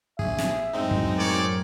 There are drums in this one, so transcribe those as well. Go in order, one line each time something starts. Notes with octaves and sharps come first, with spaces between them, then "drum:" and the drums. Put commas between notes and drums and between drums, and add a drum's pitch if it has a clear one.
A#1 G#4 E5, drum: kick
drum: snare
F#2 A2 G#3 C4 D#4
drum: kick
A#4 C#5 D5